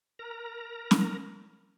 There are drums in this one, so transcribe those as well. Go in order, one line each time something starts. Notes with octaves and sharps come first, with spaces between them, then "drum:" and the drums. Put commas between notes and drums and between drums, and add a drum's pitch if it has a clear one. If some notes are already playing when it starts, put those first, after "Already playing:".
A#4 A#5
drum: snare